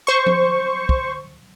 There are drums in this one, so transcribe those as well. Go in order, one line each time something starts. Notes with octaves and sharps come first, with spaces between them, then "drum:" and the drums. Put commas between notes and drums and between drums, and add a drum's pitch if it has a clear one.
C5 C#6
drum: tom F3
drum: kick